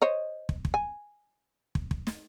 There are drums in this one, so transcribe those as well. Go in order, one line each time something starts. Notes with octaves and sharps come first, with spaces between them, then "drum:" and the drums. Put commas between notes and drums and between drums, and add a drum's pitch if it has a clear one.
C5 C#5 D#5
drum: kick
drum: kick
G#5
drum: kick
drum: kick
drum: snare